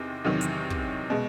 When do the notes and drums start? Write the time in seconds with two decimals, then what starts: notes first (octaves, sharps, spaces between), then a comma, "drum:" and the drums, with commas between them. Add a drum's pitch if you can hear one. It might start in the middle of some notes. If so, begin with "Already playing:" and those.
Already playing: E2 C3 D#3
0.24 E2 C3 D#3 F#3
0.41 drum: hi-hat
0.70 drum: kick
1.10 B2 G#3